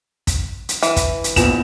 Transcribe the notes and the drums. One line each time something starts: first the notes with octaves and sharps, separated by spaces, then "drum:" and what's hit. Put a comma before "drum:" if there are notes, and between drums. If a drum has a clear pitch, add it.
drum: kick, hi-hat
drum: hi-hat
E3, drum: hi-hat
drum: kick, hi-hat
drum: hi-hat
A#1 E2 E7, drum: kick, hi-hat